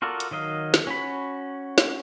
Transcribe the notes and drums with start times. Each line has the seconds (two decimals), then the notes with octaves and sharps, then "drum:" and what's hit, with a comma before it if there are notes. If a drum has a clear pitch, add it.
0.02 F4 F#4 A4 A#4 D5
0.20 drum: hi-hat
0.31 D#3 F#3 D#5 F5
0.74 drum: snare
0.87 C#4 F#4 B5
1.78 drum: snare